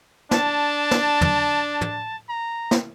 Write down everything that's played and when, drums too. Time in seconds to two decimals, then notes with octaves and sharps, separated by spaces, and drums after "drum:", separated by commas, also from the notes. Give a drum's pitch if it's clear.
0.31 D4 A5, drum: snare
0.91 drum: snare
1.21 drum: tom
1.81 drum: tom
2.29 A#5
2.71 drum: snare